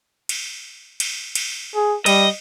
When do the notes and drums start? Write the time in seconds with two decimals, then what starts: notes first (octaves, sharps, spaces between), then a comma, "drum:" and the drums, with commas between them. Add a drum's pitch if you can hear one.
0.29 drum: cymbal
1.00 drum: cymbal
1.35 drum: cymbal
1.75 G#4
2.06 G3 D#5, drum: cymbal